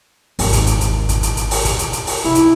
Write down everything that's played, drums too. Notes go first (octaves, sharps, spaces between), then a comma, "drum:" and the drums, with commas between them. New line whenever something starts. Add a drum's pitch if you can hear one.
G#1 D#2, drum: open hi-hat
drum: kick, hi-hat
drum: hi-hat
drum: hi-hat
drum: kick, hi-hat
drum: hi-hat
drum: hi-hat
drum: open hi-hat
drum: kick, hi-hat
drum: hi-hat
drum: hi-hat
drum: open hi-hat
C2 E4
drum: hi-hat